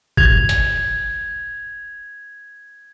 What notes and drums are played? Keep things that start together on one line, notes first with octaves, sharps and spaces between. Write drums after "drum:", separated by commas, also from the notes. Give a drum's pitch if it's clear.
G#6 F7, drum: kick
drum: hi-hat